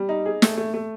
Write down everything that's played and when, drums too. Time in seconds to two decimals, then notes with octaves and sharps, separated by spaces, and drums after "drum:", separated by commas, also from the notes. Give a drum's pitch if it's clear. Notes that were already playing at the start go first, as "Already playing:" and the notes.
Already playing: G3
0.09 D#4
0.26 G#4
0.42 A3, drum: snare
0.57 A3
0.74 A3